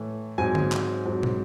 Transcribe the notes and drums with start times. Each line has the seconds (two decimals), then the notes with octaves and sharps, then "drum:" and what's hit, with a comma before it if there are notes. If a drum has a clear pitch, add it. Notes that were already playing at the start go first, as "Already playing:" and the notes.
Already playing: A2 E3 A3
0.38 G#2 F#3 C4 G#5
0.55 drum: tom D3
0.72 drum: clap
1.06 G#2 F#3 C4
1.23 drum: tom